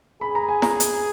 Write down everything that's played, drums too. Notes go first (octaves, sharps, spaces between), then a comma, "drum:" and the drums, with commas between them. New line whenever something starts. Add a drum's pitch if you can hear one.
G#4 B5
A#5
G#5
A#5, drum: snare
drum: hi-hat